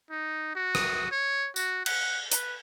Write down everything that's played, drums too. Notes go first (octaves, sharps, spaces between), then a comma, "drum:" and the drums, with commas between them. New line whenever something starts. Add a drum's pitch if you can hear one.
D#4
F#4
drum: rim click
C#5
F#4, drum: tambourine
F#5, drum: cymbal
B4, drum: hi-hat